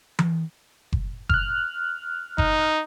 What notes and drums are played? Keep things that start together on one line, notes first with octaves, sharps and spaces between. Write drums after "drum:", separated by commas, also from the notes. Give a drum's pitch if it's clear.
drum: tom E3
drum: kick F#1
F6 F#6, drum: kick F#1
D#4, drum: kick F#1